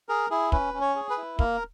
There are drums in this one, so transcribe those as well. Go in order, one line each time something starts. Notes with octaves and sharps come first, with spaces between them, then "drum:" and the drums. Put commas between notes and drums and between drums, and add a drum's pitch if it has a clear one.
G#4 A#4
E4 G#4
C#4 B4, drum: kick
C#4
C#5
G#4
B4
E4
A#3 A#4, drum: kick